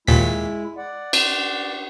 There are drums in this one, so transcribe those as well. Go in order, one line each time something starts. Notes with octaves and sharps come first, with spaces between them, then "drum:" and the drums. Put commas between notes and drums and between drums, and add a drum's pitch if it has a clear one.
D#2 A#2 G#3 E4 B6
D5 F#5
drum: cymbal